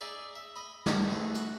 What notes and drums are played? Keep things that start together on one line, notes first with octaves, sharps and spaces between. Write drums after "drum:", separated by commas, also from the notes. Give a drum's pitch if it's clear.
D#4 G#4 D5 E5
E5
D#5 B5
B2 D#3, drum: snare
C2 E3 G#3 A3
F#4, drum: hi-hat